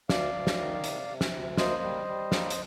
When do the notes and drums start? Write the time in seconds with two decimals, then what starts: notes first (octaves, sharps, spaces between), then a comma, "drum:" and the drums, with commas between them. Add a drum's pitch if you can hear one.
0.09 D2 D5 F5, drum: snare
0.34 D2
0.47 drum: snare
0.59 D#3
0.84 C3, drum: hi-hat
1.09 C3
1.21 drum: snare
1.33 D2
1.58 A#3 C5 D#5, drum: snare
1.82 G3
2.07 G3
2.32 A#3, drum: snare
2.50 drum: hi-hat